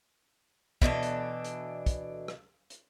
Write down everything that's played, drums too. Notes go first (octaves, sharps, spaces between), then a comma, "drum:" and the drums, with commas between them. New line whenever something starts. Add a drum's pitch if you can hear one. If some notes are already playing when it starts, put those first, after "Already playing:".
B2 E3 D4 A4, drum: kick
drum: hi-hat
drum: hi-hat
drum: kick, hi-hat
drum: rim click
drum: hi-hat